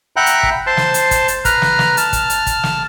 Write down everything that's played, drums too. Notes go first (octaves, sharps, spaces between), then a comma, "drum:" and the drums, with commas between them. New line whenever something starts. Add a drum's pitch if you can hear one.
E5 F#5 G5 A#5 B5 F#6
drum: hi-hat
drum: kick
C5 A5 C6
drum: snare
drum: hi-hat
drum: kick, hi-hat
drum: hi-hat
B4 A#5 F6, drum: kick, hi-hat
drum: snare
drum: snare
A5 F6, drum: hi-hat
drum: kick, hi-hat
drum: hi-hat
drum: kick, hi-hat
drum: snare